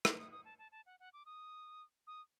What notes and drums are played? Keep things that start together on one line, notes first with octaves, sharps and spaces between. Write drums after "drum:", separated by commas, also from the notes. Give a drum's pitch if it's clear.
D6, drum: rim click
D#6
D#6
A5
A5
A5
F#5
F#5
D6
D#6
D#6